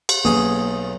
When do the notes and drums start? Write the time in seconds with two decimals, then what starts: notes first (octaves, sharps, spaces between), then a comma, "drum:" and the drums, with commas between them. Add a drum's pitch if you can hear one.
0.09 drum: cymbal
0.25 B1 A#3 G#4 C#5